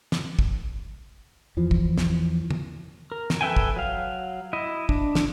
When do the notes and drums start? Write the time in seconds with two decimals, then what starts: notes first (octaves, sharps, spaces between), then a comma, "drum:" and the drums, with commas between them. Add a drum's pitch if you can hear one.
0.12 drum: snare
0.39 drum: kick
1.57 E2 E3 F3
1.71 drum: kick
1.98 drum: snare
2.51 drum: tom
3.12 A#4
3.30 drum: snare
3.41 A4 B4 E5 G5 G#5
3.56 drum: kick
3.76 F#3 F5
4.53 E4 D#5
4.89 D4, drum: kick
5.15 drum: snare